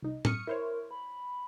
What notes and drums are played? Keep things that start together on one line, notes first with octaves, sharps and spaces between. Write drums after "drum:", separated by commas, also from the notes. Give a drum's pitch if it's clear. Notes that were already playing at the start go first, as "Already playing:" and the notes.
C2 D#4
C#6 D#6 F6 C#7, drum: tom
E4 A#4 C5 C#5
B5